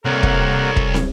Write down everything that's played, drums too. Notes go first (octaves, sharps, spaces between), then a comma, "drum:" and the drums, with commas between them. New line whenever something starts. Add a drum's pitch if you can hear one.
C2 C3 A#3 A4 A#4 C#5 F#5
drum: kick
drum: kick
drum: snare